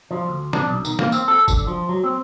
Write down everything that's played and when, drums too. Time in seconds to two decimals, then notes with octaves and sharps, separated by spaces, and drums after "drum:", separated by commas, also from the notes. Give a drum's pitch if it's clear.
0.11 F3
0.28 D2
0.53 D4, drum: snare
0.67 B1
0.85 D#3, drum: tambourine
0.99 A#3, drum: snare
1.12 C4, drum: tambourine
1.28 A4
1.48 D3, drum: kick F#1, tambourine
1.67 F3
1.89 F#3
2.04 C4